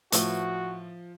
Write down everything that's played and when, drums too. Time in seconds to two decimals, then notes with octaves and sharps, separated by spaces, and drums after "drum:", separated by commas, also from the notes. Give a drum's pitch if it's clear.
0.12 A2 E3 F3 B3 F#4, drum: hi-hat